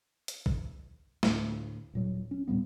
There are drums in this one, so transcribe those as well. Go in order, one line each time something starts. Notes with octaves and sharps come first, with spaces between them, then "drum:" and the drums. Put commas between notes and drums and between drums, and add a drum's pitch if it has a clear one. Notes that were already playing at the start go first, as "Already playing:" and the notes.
drum: hi-hat
drum: kick
D2 A2, drum: snare
D#1 A#2 F#3
C#4
D#2 A#2 G3 B3